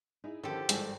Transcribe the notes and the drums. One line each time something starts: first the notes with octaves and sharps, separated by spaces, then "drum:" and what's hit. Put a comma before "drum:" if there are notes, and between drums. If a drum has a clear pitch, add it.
D#4 E4 G#4
D3 D#3 F3 C#4 G4 A4
G#1 G2 E3 F3 G3 G#3 G#4, drum: hi-hat